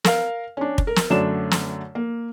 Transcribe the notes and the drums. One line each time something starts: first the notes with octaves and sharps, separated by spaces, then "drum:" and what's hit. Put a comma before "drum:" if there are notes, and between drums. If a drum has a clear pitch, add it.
A#4 F5, drum: snare
C#4 D4
drum: kick
A#4
drum: snare
F#2 D3 F#3 A3 D4 E7
drum: snare
A#3